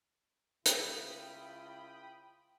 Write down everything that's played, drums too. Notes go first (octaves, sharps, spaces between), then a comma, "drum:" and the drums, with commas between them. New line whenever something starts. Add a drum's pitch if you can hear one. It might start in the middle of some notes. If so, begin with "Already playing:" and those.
C#2 E4 F4 G5 B5 D#6, drum: hi-hat